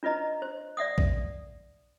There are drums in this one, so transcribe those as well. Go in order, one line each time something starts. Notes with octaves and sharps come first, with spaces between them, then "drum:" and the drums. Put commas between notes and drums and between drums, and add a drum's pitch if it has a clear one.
D4 F4 B4 D#5 A#5
C5
D5 E5 F#5 D#6
drum: kick A#1